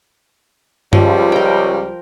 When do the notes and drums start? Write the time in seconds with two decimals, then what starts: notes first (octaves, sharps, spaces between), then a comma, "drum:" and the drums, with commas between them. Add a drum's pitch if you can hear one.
0.93 C#2 F3 G3, drum: tom G2
1.32 A#4 G5